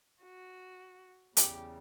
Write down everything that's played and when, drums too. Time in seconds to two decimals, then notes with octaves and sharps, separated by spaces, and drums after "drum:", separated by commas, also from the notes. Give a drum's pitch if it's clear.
0.23 F#4
1.37 E2 C#3 G3 G4, drum: hi-hat